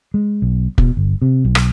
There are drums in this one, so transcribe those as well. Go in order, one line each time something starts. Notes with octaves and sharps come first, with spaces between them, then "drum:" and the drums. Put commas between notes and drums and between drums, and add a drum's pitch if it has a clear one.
G#3
B1
B2, drum: kick
G1
C3
B1
drum: rim click